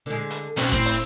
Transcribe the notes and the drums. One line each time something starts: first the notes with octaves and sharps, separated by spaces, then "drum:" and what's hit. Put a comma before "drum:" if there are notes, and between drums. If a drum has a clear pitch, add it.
D3 G#3
drum: hi-hat
B1 C4 C#4 F#4, drum: hi-hat
A2 C4, drum: kick
drum: open hi-hat